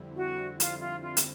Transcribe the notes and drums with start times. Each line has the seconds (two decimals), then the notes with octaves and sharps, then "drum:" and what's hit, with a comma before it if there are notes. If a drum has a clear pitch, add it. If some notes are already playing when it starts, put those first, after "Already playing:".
Already playing: F2 D3 G3 C4 E4
0.16 F#4
0.60 F4, drum: hi-hat
0.81 F4
1.02 F4
1.17 drum: hi-hat